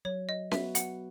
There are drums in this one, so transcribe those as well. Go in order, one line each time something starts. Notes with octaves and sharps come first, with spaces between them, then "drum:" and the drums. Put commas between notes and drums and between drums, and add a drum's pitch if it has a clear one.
F#3 C#5
D#5
B3 F#4 B4 E5, drum: snare C#4
F#5, drum: hi-hat